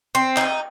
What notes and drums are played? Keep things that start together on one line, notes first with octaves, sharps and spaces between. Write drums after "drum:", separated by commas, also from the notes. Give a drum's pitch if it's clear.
C4
D#4, drum: clap